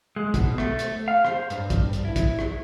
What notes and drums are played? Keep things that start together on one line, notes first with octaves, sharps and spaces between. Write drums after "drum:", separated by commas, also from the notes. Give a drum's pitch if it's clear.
G#3
B2, drum: kick, hi-hat
A3, drum: rim click
drum: hi-hat
F5
C5, drum: rim click
G2, drum: hi-hat
drum: kick, hi-hat
drum: hi-hat
E4
drum: kick, hi-hat
drum: rim click